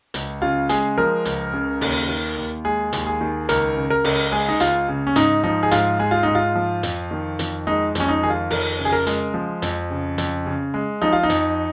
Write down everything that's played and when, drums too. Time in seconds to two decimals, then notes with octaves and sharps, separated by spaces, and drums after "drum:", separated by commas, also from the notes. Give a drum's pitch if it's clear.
0.14 C#2, drum: hi-hat
0.42 C#3 F4
0.69 G#3 G#4, drum: hi-hat
0.98 F3 A#4
1.25 C#2, drum: hi-hat
1.53 C#3
1.81 D#2, drum: open hi-hat
2.09 D#3
2.37 D#2
2.65 G#3 G#4
2.93 D#2, drum: hi-hat
3.06 G#4
3.21 D#3
3.49 C#2 A#4, drum: hi-hat
3.77 C#3
3.90 A#4
4.04 C#2, drum: open hi-hat
4.32 G#3 G#4
4.48 D#4
4.60 C#2 F4, drum: hi-hat
4.88 C#3
5.07 C#4
5.16 G#2 D#4, drum: hi-hat
5.44 F3 D#4
5.63 G#4
5.71 G#2 F4, drum: hi-hat
5.99 G#3 G#4
6.11 F4
6.23 G#2 D#4
6.35 F4
6.55 F3
6.83 F2, drum: hi-hat
7.11 D#3
7.39 F2, drum: hi-hat
7.67 G#3 D#4
7.95 F2 C#4, drum: hi-hat
8.09 D#4
8.23 D#3 G#4
8.30 F4
8.50 F2 A#4, drum: open hi-hat
8.78 C#3
8.85 G#4
8.93 A#4
9.07 G#3, drum: hi-hat
9.34 F3
9.62 F2, drum: hi-hat
9.90 C#3
10.18 F2, drum: hi-hat
10.46 C#3
10.74 G#3
11.02 F3 D#4
11.13 F4
11.23 D#4
11.30 F2, drum: hi-hat